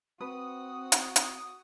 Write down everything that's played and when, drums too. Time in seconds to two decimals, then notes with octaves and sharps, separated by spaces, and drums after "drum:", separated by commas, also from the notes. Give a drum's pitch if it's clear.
0.21 C4 F#4 B4 D#6
0.92 drum: hi-hat
1.16 drum: hi-hat